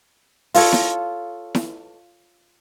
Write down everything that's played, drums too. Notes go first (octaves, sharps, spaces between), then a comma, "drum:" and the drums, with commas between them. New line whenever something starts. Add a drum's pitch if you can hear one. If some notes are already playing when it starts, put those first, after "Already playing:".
F4 A4 C#5, drum: open hi-hat
drum: snare E4
drum: snare E4